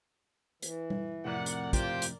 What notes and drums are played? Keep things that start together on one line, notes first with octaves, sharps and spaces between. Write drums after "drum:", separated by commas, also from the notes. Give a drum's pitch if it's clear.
E3, drum: hi-hat
drum: tom G3
F2 A2 C3 A#4 D5 F#5
drum: hi-hat
F4 G4 C5 G5, drum: kick, hi-hat
drum: hi-hat